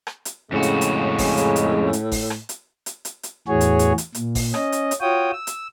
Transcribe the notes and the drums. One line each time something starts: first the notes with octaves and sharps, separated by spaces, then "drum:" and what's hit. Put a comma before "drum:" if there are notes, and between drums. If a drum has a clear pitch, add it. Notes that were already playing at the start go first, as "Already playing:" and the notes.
drum: rim click
drum: hi-hat
F2 A2 C#3 G#3 F#4
drum: hi-hat
drum: hi-hat
drum: kick G#1, open hi-hat
drum: hi-hat
drum: hi-hat
drum: hi-hat
drum: kick G#1, open hi-hat
drum: rim click
drum: hi-hat
drum: hi-hat
drum: hi-hat
drum: hi-hat
E2 A2 E3 F#4 G#4 C#5
drum: hi-hat
drum: hi-hat
drum: hi-hat
A#2, drum: hi-hat
drum: kick G#1, open hi-hat
C#4 D#5, drum: rim click
drum: hi-hat
drum: hi-hat
F4 F#4 C#5 G5 D#6
E6
drum: hi-hat